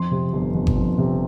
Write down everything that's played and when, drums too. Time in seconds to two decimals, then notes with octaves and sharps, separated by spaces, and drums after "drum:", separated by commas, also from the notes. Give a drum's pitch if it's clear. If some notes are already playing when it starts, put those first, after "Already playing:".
Already playing: F2 C6
0.11 C3
0.33 G1
0.54 G1
0.67 drum: kick G1
0.77 F2
0.98 C3